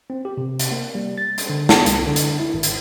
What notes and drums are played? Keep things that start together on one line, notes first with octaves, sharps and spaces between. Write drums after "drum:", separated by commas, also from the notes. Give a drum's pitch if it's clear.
C4
G4
C3
drum: hi-hat
A#3
G3
A6
drum: hi-hat
D3
B3, drum: snare
C2, drum: hi-hat
D3
drum: hi-hat
E4
G#1
drum: hi-hat